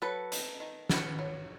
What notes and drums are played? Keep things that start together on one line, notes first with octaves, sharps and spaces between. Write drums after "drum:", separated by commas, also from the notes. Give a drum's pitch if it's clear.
F#3 A4 B4
D#4, drum: hi-hat
D#3
B3, drum: snare
F#3